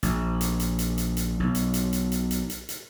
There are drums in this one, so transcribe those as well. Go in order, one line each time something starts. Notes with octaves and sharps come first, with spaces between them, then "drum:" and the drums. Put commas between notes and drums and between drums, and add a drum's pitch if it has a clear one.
A#1, drum: hi-hat
drum: hi-hat
drum: hi-hat
drum: hi-hat
drum: hi-hat
drum: hi-hat
B1
drum: hi-hat
drum: hi-hat
drum: hi-hat
drum: hi-hat
drum: hi-hat
drum: hi-hat
drum: hi-hat